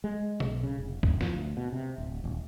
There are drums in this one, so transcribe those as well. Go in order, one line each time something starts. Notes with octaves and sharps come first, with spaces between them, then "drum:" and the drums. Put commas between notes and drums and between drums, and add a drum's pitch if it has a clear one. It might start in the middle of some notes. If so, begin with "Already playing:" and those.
G#3
B1, drum: tom B2
C#3
F1
E1, drum: kick
F3, drum: snare
D2
B2
C3
D1
D#1